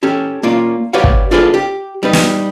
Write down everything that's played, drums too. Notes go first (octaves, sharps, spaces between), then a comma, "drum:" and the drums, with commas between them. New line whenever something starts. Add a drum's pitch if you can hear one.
C#4 G4 A4
A#3 C#4 F4 D5
G4 B4 C#5 D5 F5 F#5
drum: kick
D4 F4 G#4 A4 B4 D5
G4
G3 D#4 B4
drum: snare